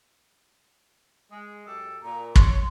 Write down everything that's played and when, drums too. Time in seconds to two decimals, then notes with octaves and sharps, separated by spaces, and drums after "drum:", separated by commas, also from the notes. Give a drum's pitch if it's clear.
1.31 G#3
1.67 F#2 G4 A4
2.03 A#2 A#5
2.36 C#5 C6, drum: kick